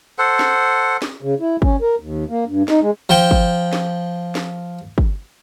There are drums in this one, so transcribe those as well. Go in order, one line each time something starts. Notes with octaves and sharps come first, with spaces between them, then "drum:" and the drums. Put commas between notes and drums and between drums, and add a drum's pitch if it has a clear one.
A4 C5 F#5
drum: snare
drum: snare
C#3
E4
C#4, drum: kick
A#4
D#2
A#3
G2
D#4, drum: snare
G#3
F3 G5
drum: kick
drum: snare
drum: snare
drum: kick